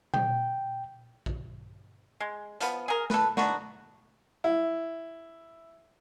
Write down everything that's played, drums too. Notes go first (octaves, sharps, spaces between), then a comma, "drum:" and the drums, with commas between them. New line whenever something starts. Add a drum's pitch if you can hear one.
G5, drum: tom A#2
drum: kick A#1
G#3
F3 B3, drum: hi-hat
G#4 A#4
A4 B4, drum: snare A3
B3 D4 D#4 F#4, drum: snare A3
E4